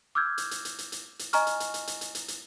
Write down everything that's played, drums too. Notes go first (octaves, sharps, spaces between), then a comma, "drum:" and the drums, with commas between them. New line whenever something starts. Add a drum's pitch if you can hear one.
D6 E6 F6 G6 G#6
drum: hi-hat
drum: hi-hat
drum: hi-hat
drum: hi-hat
drum: hi-hat
drum: hi-hat
D#5 G#5 A#5 C#6 F6, drum: hi-hat
drum: hi-hat
drum: hi-hat
drum: hi-hat
drum: hi-hat
drum: hi-hat
drum: hi-hat
drum: hi-hat